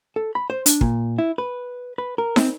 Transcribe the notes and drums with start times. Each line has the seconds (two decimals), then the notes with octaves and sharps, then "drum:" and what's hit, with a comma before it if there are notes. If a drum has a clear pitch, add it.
0.16 A4
0.35 B5
0.50 C5
0.66 D4, drum: hi-hat
0.81 A#2, drum: kick
1.18 E4
1.38 B4
1.98 B4
2.18 A#4
2.36 C4, drum: snare